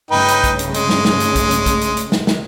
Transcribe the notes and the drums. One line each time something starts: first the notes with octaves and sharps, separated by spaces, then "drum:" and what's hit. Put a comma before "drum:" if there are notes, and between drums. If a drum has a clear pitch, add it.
G2 C#3 A3 D#4 B4 G5
drum: hi-hat
drum: kick, hi-hat
drum: hi-hat
G#3, drum: hi-hat
drum: snare
drum: snare
drum: hi-hat
drum: kick, hi-hat
drum: hi-hat
drum: kick, hi-hat
drum: hi-hat
drum: hi-hat
drum: snare
drum: snare